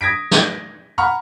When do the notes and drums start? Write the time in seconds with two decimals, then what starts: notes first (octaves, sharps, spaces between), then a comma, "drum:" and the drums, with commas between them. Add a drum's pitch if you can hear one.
0.01 D#6 G#6 A#6 B6 D7
0.31 drum: snare
0.98 F#5 A#5 B5 C#6 F6